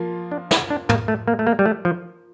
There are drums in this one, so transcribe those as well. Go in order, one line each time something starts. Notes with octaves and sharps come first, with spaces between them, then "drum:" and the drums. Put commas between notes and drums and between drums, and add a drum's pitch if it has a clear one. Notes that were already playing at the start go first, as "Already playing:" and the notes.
Already playing: F3 A#3 F4
D4
E4, drum: snare
D4
A#3, drum: tom
A3
A#3
A3
A#3
G3
A3
F3